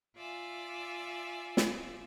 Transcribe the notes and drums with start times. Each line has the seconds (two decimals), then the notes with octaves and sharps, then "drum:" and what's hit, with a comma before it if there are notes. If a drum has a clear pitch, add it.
0.16 F4 D5 E5 G#5
1.57 drum: snare